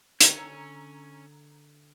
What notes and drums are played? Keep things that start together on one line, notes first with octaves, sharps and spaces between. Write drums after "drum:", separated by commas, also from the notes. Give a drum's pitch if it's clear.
D3 C#4 A#5 E6 G#6, drum: hi-hat